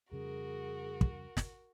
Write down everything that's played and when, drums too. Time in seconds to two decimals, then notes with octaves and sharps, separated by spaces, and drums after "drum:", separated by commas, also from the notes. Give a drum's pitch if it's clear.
0.12 F2 C#3 G3 F#4 G#4 A#4
1.01 drum: kick
1.37 drum: snare